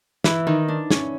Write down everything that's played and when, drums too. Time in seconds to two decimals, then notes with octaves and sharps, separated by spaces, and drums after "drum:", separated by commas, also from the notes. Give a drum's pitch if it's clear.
0.24 E3 E4, drum: snare
0.47 D#3 D#4
0.68 D4
0.91 C#4, drum: snare